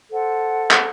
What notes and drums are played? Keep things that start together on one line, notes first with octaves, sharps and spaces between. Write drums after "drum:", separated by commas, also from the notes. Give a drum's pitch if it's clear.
A4 C5 F#5
drum: clap